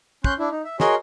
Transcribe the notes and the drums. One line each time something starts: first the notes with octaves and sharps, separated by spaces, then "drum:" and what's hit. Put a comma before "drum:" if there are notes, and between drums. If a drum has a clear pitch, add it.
C#4 C6 F#6 G6, drum: kick
D4 E4
D#4
E5
F#4 G#4 A#4 C#5 D#5 C6, drum: snare